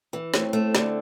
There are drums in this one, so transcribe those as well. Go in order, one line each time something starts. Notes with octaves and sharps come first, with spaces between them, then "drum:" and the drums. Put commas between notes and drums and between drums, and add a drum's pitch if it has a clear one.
E3
A2 C4, drum: snare
A3
D3, drum: snare